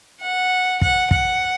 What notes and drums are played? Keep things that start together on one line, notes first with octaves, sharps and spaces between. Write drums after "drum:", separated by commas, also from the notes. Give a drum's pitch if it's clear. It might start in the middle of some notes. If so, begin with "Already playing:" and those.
F#5
F#5, drum: kick
F#5, drum: kick